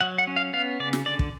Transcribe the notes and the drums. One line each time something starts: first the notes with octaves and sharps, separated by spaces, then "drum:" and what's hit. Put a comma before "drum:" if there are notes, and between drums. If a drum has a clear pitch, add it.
F#3 F#5
F#5
C#4
F5
B3 F5
C#3 D5
drum: snare
D3 D5
drum: kick